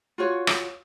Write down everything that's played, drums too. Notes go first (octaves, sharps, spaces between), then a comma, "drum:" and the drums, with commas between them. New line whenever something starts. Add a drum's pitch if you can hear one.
F4 F#4 C#5
drum: rim click